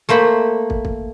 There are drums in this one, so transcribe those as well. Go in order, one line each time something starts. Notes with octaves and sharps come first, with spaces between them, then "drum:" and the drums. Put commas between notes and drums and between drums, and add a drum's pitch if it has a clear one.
A3 A#3 C5 B5
drum: kick
drum: kick